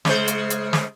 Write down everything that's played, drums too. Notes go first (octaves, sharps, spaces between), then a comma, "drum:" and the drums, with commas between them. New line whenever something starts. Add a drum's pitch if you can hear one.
C#3 G#3 C5, drum: snare
drum: hi-hat
drum: hi-hat
drum: snare